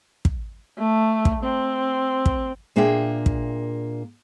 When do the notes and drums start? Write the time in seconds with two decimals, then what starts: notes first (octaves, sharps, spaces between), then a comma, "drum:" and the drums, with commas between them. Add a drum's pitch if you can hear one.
0.25 drum: kick
0.78 A3
1.25 drum: kick
1.44 C4
2.26 drum: kick
2.76 A#2 A#3 D4 G#4 E5 G5
3.26 drum: kick